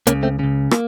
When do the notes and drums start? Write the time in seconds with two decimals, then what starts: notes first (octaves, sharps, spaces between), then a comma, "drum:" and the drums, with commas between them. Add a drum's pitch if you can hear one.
0.07 C#2 C#3 A#3 C#4, drum: hi-hat
0.23 A3 C4
0.39 C#2 C#3
0.71 A#3, drum: rim click